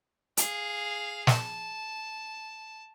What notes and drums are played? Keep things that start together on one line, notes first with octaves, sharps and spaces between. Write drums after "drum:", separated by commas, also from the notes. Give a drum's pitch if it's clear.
G#4 F5, drum: hi-hat
A5, drum: snare